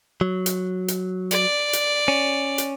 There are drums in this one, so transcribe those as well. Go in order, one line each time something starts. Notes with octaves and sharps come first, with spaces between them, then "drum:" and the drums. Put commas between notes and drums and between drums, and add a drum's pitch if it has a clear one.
F#3
drum: hi-hat
drum: hi-hat
D5, drum: hi-hat
drum: hi-hat
C#4
drum: hi-hat